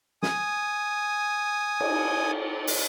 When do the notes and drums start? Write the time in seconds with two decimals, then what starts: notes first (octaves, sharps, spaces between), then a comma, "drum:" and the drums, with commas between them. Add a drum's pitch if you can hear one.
0.23 G#5 D#6, drum: snare
1.80 drum: cymbal
2.67 drum: open hi-hat